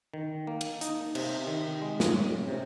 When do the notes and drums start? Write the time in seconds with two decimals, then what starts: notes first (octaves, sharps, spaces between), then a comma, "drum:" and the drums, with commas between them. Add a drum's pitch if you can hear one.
0.14 D#3
0.47 A#3
0.61 drum: cymbal
0.81 D#4, drum: hi-hat
1.15 C3, drum: cymbal
1.47 D#3
1.82 G#3
2.00 drum: snare
2.15 C#4
2.48 C3